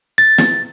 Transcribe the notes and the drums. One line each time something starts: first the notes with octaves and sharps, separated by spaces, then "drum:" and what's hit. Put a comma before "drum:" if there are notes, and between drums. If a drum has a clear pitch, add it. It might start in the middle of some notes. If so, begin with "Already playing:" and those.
A6
drum: snare